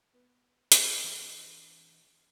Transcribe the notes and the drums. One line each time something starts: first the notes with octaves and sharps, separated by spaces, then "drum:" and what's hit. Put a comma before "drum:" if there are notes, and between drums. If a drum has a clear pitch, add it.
B3
drum: hi-hat
E3 D4 D5 F#5 G5